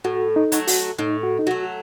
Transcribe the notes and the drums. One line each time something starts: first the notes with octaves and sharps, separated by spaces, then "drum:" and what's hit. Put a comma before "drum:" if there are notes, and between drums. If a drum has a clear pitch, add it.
A2 F#4
D#4
F#3 A3, drum: hi-hat
F#4, drum: open hi-hat
A2 D#4
F#4
D#4
F#3 A3 F#4